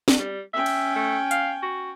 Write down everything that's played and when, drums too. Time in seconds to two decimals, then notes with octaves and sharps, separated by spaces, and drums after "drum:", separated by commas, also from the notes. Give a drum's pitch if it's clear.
0.08 drum: snare
0.19 G3
0.54 C#4 E5 G5
0.66 drum: cymbal
0.96 A3
1.31 F5, drum: hi-hat
1.62 F#4